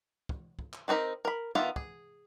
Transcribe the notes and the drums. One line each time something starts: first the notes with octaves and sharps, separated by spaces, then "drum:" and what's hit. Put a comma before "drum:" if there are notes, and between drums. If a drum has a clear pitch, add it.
drum: kick
drum: kick
drum: clap
D#3 C4 D#4 A#4 B5
A#4 B5
D#3 B3 D#4 F4 E5
G#4, drum: kick